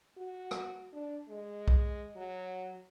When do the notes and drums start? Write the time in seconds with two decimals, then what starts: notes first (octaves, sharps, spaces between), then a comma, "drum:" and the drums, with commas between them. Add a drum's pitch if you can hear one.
0.18 F#4
0.51 drum: rim click
0.93 D4
1.29 G#3
1.68 drum: kick B1
2.16 F#3